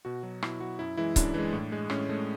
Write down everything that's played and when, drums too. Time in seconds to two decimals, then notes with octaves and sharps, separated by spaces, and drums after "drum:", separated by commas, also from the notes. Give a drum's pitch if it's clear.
0.05 B2 F#4
0.23 F#3
0.42 B2 E4, drum: rim click
0.60 F#3 F#4
0.79 F#2 E4
0.97 E3 G#3 E4
1.16 F#2 D4, drum: kick C#1, hi-hat
1.34 E3 G#3
1.53 A2
1.72 G#3
1.90 A2 C#4, drum: rim click
2.09 G#3 A3